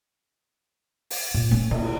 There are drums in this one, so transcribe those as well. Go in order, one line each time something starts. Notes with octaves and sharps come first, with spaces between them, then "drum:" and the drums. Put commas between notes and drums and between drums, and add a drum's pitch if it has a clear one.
drum: open hi-hat
A#2
A#3 C#4
D3, drum: cymbal